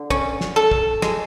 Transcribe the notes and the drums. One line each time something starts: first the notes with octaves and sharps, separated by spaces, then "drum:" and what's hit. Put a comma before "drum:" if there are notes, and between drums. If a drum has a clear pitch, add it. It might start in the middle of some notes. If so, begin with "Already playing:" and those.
Already playing: D3
C#4, drum: kick
drum: snare
A4
drum: kick
G#3, drum: snare